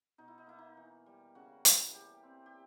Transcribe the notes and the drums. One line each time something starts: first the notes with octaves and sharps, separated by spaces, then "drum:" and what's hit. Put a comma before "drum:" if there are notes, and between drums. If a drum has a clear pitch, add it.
B2 D#4
E4
D#4
A#3 E4
D#4
E3
G3
C#3 F#4
E3, drum: hi-hat
G3 G4
C4
G4